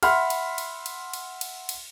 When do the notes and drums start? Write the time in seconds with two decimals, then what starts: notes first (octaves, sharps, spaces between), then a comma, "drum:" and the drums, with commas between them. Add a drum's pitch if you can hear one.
0.03 E5 F#5 B5 C6 F6, drum: cymbal
0.30 drum: cymbal
0.58 drum: cymbal
0.86 drum: cymbal
1.13 drum: cymbal
1.41 drum: cymbal
1.69 drum: cymbal